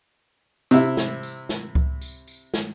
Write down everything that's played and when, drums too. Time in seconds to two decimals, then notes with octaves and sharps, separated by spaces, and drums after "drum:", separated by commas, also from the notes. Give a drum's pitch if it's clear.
0.71 C3 E4, drum: tambourine
0.97 drum: snare
1.23 drum: tambourine
1.49 drum: snare
1.75 drum: kick C#2
2.01 drum: tambourine
2.28 drum: tambourine
2.54 drum: snare